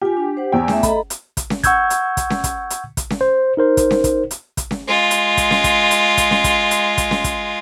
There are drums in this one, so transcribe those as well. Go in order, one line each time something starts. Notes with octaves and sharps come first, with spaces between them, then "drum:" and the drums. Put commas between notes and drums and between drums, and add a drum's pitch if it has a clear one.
F4 G4 G#5
D4
C5 F#5
E2 G5 G#5 E6
A3 E5, drum: snare C#4
A4 D#5 A#5 B5, drum: kick, hi-hat
drum: hi-hat
drum: kick, hi-hat
drum: snare C#4
F#5 C#6 E6 G6 G#6, drum: kick, hi-hat
drum: hi-hat
drum: kick, hi-hat
drum: snare C#4
drum: kick, hi-hat
drum: hi-hat
drum: kick, hi-hat
drum: snare C#4
C5
D#4 A#4 C5
drum: kick, hi-hat
drum: snare C#4
drum: kick, hi-hat
drum: hi-hat
drum: kick, hi-hat
drum: snare C#4
G#3 F4
drum: hi-hat
drum: kick, hi-hat
drum: snare C#4
drum: kick, hi-hat
drum: hi-hat
drum: kick, hi-hat
drum: snare C#4
drum: kick, hi-hat
drum: hi-hat
drum: kick, hi-hat
drum: snare C#4
drum: kick, hi-hat